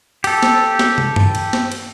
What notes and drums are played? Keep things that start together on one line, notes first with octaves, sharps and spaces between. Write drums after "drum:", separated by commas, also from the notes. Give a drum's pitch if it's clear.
G4 A4, drum: cymbal
drum: snare
drum: snare
drum: tom
drum: tom G2
drum: cymbal
drum: snare
drum: cymbal